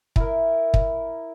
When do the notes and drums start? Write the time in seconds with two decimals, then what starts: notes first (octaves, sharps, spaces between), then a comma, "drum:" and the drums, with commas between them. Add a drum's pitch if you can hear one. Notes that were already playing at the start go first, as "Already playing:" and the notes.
0.16 E4 A#4, drum: kick
0.74 drum: kick